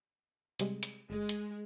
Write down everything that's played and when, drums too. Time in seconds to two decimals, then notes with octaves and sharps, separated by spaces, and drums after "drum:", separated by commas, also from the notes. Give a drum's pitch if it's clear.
0.59 C3 G3 G#3, drum: hi-hat
0.83 drum: hi-hat
1.10 G1 G#3
1.29 drum: hi-hat